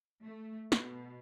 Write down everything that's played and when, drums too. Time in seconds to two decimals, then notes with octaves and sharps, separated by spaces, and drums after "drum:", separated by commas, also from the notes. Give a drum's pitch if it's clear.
0.23 A3
0.72 B2, drum: snare